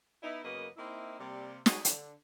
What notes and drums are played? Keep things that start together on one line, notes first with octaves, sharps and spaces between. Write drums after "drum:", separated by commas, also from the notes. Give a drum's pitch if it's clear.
B3 D#4 E4
F#2 C#3 A#3 B3 B4 D#5
A#3 C4 D#4 E4
C3 G3 A#3
F#3 F#4 G#4, drum: snare
D3, drum: hi-hat